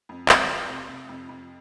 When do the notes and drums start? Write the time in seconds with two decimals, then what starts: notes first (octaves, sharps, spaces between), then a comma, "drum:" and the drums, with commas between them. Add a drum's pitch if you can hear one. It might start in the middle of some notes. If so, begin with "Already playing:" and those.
0.09 F2
0.29 C3, drum: clap
0.49 F2
0.69 C3
0.89 C3
1.09 F2
1.29 F2